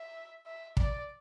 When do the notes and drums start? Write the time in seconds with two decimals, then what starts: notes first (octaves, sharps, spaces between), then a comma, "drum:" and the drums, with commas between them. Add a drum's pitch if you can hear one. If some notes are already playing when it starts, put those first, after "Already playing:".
Already playing: E5
0.46 E5
0.77 D5, drum: kick